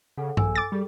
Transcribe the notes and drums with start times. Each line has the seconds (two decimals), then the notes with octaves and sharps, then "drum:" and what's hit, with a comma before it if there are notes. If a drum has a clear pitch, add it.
0.17 C#3 A4 F#5
0.37 A#1 A4 G#5 E6, drum: tom G2
0.55 D6 A6
0.72 G3 G#4 A4